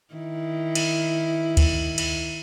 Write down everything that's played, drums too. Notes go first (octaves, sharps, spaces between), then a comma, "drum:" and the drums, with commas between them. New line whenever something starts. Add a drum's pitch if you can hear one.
D#3 E4
drum: cymbal
drum: kick D2, cymbal
drum: cymbal